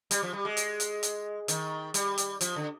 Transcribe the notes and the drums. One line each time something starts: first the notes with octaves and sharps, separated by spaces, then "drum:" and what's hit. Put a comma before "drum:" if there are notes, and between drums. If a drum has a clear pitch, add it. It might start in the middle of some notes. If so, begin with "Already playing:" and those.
G3, drum: hi-hat
F3
G3
G#3
drum: hi-hat
drum: hi-hat
drum: hi-hat
D#3, drum: hi-hat
G3, drum: hi-hat
drum: hi-hat
F3, drum: hi-hat
D3